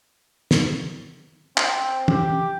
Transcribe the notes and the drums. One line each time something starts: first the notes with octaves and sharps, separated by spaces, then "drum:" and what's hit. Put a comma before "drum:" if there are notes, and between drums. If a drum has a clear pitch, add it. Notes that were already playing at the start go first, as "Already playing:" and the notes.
drum: snare
C4, drum: clap
G4, drum: tom